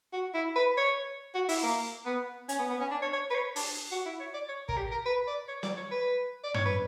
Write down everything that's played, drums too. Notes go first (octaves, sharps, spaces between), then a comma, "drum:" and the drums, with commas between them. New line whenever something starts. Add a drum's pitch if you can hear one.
F#4
E4
B4
C#5
F#4
E4, drum: open hi-hat
A#3
B3
C#4, drum: hi-hat
B3
B3
C#4
D4
C#5
C#5
B4
C#5
D4, drum: open hi-hat
F#4
E4
C#5
D5
C#5
A#4, drum: kick
G4
A#4
B4
D5
C#5
D5, drum: snare
C#5
B4
D5
C#5, drum: tom
B4